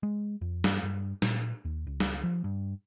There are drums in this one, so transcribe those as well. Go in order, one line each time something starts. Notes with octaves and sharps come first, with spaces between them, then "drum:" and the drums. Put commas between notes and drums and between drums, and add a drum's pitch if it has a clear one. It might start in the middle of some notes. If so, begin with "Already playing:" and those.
G#3
F2
G2, drum: snare
G2
A#2, drum: snare
D#2
C#2
drum: snare
F3
G2